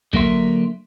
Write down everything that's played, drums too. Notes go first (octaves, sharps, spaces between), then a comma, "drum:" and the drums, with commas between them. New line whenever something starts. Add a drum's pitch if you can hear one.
D3 F#3 A#3 A#4 E5 C6, drum: kick